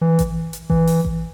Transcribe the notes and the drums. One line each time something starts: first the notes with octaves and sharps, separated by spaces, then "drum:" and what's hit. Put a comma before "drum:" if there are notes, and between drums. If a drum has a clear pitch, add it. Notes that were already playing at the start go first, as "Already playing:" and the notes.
E3
drum: kick A1, hi-hat
drum: hi-hat
E3, drum: kick A1
drum: open hi-hat
drum: kick A1